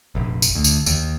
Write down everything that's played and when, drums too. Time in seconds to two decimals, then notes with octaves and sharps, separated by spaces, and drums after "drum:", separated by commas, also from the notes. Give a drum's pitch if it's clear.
0.15 F1 A#1
0.42 drum: tambourine
0.55 D2
0.64 drum: tambourine
0.86 D#2, drum: tambourine